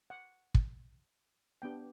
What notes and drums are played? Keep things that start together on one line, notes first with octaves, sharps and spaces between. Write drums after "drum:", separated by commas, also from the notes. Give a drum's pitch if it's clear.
F#5
drum: kick
B3 D4 G4 G5